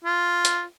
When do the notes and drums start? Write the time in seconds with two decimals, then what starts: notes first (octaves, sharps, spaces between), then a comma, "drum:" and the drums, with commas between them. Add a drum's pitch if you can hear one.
0.04 F4
0.45 drum: hi-hat